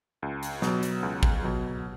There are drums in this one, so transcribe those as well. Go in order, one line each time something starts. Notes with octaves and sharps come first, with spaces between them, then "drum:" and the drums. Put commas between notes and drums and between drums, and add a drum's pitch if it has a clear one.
C#2
drum: hi-hat
B2 F#3, drum: snare
drum: hi-hat
C#2
drum: kick A1
B2 F#3